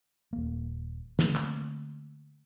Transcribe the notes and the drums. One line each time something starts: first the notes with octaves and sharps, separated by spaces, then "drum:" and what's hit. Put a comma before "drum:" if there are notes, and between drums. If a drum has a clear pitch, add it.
D#1 A#3
D3 A3 A#3 C4, drum: snare
drum: clap